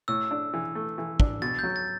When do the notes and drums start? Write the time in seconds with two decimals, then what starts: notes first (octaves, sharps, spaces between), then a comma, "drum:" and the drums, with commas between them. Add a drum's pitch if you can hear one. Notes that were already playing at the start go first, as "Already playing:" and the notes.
0.08 A2 E6
0.31 D4
0.54 E3
0.75 A3
0.98 E3
1.20 D4, drum: kick
1.42 B2 A6
1.59 F#3 G6
1.76 A6